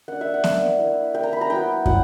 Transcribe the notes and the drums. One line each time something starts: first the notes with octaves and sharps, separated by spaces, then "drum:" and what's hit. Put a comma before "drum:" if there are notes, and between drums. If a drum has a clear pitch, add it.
A#3 D4 F#5
E5
F#5
A#3 D4, drum: snare B3
A#3 E4
A#3 E4 G5
A#5
B5
A#5
F#3 B3 E4 G5
F#3 B3 E4 F#5, drum: kick